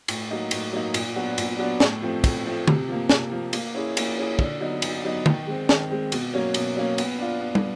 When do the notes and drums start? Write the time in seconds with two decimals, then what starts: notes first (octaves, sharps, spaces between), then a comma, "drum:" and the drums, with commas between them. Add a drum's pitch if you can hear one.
0.08 A2, drum: cymbal
0.31 F#3 A#3 D#4
0.51 A2, drum: cymbal
0.73 F#3 A#3 D#4
0.94 A#2, drum: cymbal
1.16 F#3 B3 D4 F#4
1.38 A#2, drum: cymbal
1.59 F#3 B3 D4 F#4
1.80 A2, drum: snare
2.02 F3 A3 C4
2.24 A2, drum: kick, cymbal
2.46 F3 A3 C4
2.68 C3, drum: tom
2.89 F3 A#3
3.09 C3, drum: snare
3.32 F3 A#3
3.53 A#3, drum: cymbal
3.75 C#4 E4 G#4
3.97 A#3, drum: cymbal
4.18 C#4 E4 G#4
4.39 D3, drum: kick
4.60 F#3 B3 D#4
4.82 D3, drum: cymbal
5.04 F#3 B3 D#4
5.26 D#3, drum: tom
5.47 G#3 C4
5.69 D#3, drum: snare
5.90 G#3 C4
6.12 B2, drum: cymbal
6.34 F#3 A#3 C#4
6.54 B2, drum: cymbal
6.76 F#3 A#3 C#4
6.98 B3, drum: cymbal
7.19 D4 F4
7.40 B3
7.55 drum: tom